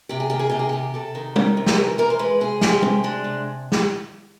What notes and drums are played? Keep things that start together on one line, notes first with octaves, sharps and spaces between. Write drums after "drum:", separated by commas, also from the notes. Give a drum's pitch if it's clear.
C3 G4
G#4
D#3 G4
G#4
C3 G4
G#4
C3 G4
C3 A4
D#3
D#3, drum: tom G3
C3
drum: snare
E3 A#4
E3 A#4
C5
G#3 B4
C3 G#4
G#3 G4, drum: snare
C3, drum: tom G3
G#3 D4
C3
drum: snare